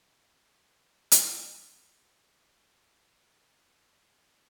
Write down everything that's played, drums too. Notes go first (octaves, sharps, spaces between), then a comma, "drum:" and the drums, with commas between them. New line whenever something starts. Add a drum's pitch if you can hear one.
drum: hi-hat
C3 E3 D4 E4 G#5
A#1
F#4
F#2
G#5
A2
G#5